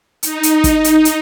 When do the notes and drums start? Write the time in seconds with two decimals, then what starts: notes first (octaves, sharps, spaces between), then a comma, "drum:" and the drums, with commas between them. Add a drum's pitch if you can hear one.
0.23 D#4, drum: hi-hat
0.43 drum: hi-hat
0.64 drum: kick, hi-hat
0.84 drum: hi-hat
1.05 drum: hi-hat